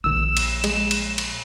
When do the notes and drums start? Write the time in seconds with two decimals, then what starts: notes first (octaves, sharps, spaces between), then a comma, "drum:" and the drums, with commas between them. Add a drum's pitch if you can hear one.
0.04 A#1 D#2 E6 E7
0.37 drum: cymbal
0.64 G#3, drum: cymbal
0.91 drum: cymbal
1.18 drum: cymbal